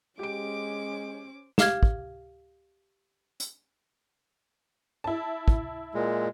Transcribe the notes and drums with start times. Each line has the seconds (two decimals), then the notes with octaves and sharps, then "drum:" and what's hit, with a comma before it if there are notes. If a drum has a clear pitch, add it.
0.19 G#3 C#4 G4 C5 D6 D7
1.58 G4 F5 F6 G#6, drum: snare
1.83 drum: kick
3.40 drum: hi-hat
5.04 E4 A5
5.48 drum: kick
5.94 A#2 G#3